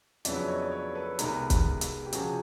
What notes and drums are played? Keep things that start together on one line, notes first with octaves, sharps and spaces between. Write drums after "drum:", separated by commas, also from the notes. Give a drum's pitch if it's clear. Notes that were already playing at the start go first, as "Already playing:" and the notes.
F2 C#3 F#3 B3 D4 D5 E5, drum: hi-hat
C#5 D#5
D5
B4 C#5
A4 B4
C2 C3 D#3 G#3 B3 G#4 A#4, drum: hi-hat
drum: kick, hi-hat
drum: hi-hat
G4
C#2 C3 F3 F#4 G#4, drum: hi-hat